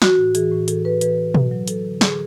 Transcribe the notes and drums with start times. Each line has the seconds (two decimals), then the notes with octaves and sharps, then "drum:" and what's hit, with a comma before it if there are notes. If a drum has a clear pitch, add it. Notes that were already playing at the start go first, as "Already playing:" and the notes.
0.02 E3 F#4, drum: snare
0.18 A2
0.35 E3 G#4, drum: hi-hat
0.52 A2
0.68 E3 A4, drum: hi-hat
0.85 A2 B4
1.01 E3 B4, drum: hi-hat
1.18 E3
1.34 F#3, drum: tom B2
1.51 F#3
1.68 F#3 A4, drum: hi-hat
1.85 D3
2.01 D3 G#4, drum: snare